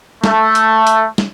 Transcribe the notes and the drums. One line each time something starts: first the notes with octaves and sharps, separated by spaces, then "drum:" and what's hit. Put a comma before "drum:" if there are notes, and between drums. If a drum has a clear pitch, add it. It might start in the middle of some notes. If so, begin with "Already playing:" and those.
A3, drum: snare
drum: hi-hat
drum: hi-hat
drum: snare